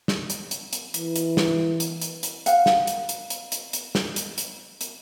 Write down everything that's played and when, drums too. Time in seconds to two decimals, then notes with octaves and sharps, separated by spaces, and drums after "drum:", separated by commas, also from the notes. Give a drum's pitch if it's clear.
0.08 drum: snare
0.30 drum: hi-hat
0.51 drum: hi-hat
0.73 drum: hi-hat
0.94 E3, drum: hi-hat
1.16 drum: hi-hat
1.37 drum: snare
1.80 drum: hi-hat
2.02 drum: hi-hat
2.23 drum: hi-hat
2.46 F5 F#5, drum: hi-hat
2.66 drum: snare
2.87 drum: hi-hat
3.09 drum: hi-hat
3.30 drum: hi-hat
3.52 drum: hi-hat
3.73 drum: hi-hat
3.95 drum: snare
4.16 drum: hi-hat
4.38 drum: hi-hat
4.81 drum: hi-hat